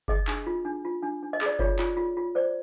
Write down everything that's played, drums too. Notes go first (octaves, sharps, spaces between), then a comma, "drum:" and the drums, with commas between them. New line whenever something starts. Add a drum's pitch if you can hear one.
G#4 D#5, drum: kick F#1
D4, drum: clap
F4
D4
F4
D4
D4
D#5
G#4 D5, drum: clap
F4 C#5, drum: kick F#1
F4, drum: clap
F4
F4
C5 D5